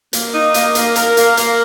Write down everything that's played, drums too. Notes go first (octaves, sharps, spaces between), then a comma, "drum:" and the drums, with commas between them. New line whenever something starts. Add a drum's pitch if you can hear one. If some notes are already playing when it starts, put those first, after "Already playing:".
A#3, drum: hi-hat
D#4
A#3, drum: hi-hat
A#3, drum: hi-hat
A#4, drum: hi-hat
A#3, drum: hi-hat
A#3, drum: hi-hat